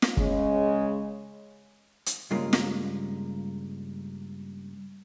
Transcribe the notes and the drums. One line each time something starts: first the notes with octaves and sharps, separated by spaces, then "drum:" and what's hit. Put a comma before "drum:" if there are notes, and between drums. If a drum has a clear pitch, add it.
drum: snare
C#3 G#3, drum: kick
drum: hi-hat
G2 C#3 G#3 A#3 F4
drum: snare